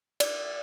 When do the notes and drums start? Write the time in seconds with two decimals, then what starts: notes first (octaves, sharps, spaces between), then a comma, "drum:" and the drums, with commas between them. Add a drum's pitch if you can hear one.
0.20 D5, drum: cymbal